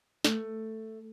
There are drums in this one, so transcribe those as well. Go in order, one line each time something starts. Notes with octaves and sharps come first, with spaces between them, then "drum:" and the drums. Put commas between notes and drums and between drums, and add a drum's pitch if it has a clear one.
A3, drum: snare